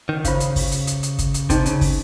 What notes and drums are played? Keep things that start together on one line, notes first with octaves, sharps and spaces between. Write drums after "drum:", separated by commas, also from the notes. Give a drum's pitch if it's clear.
D#3
C#3 F4 C5 F5, drum: kick, hi-hat
drum: hi-hat
drum: kick, open hi-hat
drum: hi-hat
drum: hi-hat
drum: hi-hat
drum: kick, hi-hat
drum: hi-hat
C3 D#4 G#4 C5 D#5 G5, drum: kick, hi-hat
C#3, drum: hi-hat
drum: kick, open hi-hat